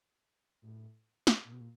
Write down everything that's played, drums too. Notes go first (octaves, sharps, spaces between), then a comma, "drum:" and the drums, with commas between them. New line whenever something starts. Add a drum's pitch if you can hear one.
A2
drum: snare
A#2
B2
A#2